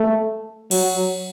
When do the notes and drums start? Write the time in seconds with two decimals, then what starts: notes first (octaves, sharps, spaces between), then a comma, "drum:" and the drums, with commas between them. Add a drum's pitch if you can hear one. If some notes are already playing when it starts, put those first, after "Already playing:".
Already playing: A3
0.71 F#3, drum: cymbal